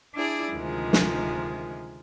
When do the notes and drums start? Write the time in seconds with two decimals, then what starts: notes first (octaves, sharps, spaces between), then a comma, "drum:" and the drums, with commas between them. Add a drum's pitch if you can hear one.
0.14 D4 E4 G#4 D5
0.53 D2 C3 D#3 F3 G#3
0.93 drum: snare